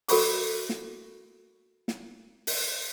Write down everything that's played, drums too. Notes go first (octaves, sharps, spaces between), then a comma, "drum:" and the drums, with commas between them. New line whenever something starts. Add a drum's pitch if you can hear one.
F#4 A4 A#4 B5 C#6 D6, drum: open hi-hat
drum: snare
drum: snare
drum: open hi-hat